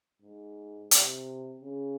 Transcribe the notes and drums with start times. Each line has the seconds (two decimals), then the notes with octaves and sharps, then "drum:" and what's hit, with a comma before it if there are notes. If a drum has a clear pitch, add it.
0.22 G#2
0.91 C3, drum: hi-hat
1.61 C#3